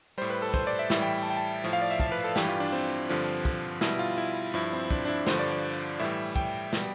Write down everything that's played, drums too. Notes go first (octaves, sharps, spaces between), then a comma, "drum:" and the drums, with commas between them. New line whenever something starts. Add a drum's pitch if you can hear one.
A2 G3 C5
B4
A4
C5, drum: kick
D5
E5
A2 E3 G3 E5, drum: snare
G5
A5
G5
A5
A2 F3
F5
D5
E5
A5, drum: kick
B4
A4
G2 E3 G3 G4, drum: snare
F4
D4
C4
G2 D3 F3
drum: kick
B2 G3 E4, drum: snare
F4
E4
G2 F3 E4
C4
D4, drum: kick
D4
E4
G2 D3 F3 C5, drum: snare
D5
D5
A2 E3 G3 E5
G5, drum: kick
B2 G3, drum: snare